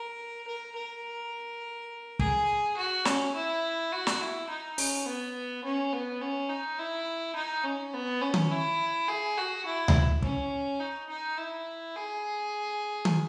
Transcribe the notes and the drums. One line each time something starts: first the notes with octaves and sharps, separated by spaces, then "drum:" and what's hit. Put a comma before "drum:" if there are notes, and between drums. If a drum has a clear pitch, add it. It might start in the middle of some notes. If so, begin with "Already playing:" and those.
Already playing: A#4
A#4
A#4
G#4, drum: kick
F#4
C#4, drum: snare
E4
F#4
drum: snare
E4
D#4
C#4, drum: open hi-hat
B3
C#4
B3
C#4
D#4
E4
D#4
C#4
B3
C#4
drum: tom D#3
E4
G#4
F#4
E4
drum: tom D2
C#4, drum: kick
D#4
D#4
E4
G#4
drum: tom D#3